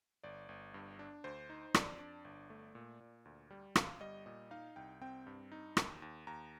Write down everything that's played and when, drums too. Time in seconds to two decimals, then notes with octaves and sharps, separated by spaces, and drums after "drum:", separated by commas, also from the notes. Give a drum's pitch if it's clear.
0.23 G1 D5
0.49 G1
0.74 G2
0.99 D4
1.24 D2 C5
1.50 D#4
1.74 F2 D5, drum: rim click
1.99 D4
2.25 G1
2.50 A3
2.75 A#2
3.00 A#2
3.25 D2
3.51 G3
3.76 G1 F5, drum: rim click
4.01 G3 D#5
4.26 A#2 D#5
4.51 D#4 F5
4.76 C2 G5
5.01 C4 G5
5.27 G2
5.52 D#4
5.77 D#2, drum: rim click
6.02 D#2
6.27 D#2 A#5